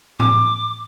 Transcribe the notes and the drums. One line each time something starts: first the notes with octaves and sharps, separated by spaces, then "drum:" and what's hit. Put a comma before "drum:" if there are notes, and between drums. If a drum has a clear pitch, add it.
D6, drum: tom A2